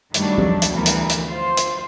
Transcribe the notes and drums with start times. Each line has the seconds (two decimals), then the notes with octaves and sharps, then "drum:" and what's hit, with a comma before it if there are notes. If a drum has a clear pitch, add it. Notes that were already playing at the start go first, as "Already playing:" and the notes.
0.14 G2 D#3 F#3 G3 A3 D4, drum: hi-hat
0.38 drum: tom
0.62 drum: hi-hat
0.72 D2 E3 G3 B3 A#4
0.86 drum: hi-hat
1.10 drum: hi-hat
1.27 F4 C5
1.57 drum: hi-hat